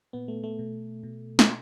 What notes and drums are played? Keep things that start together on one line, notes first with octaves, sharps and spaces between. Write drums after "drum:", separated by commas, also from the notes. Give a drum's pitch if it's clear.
A#2 B3
A3
A3
B2
B2
drum: snare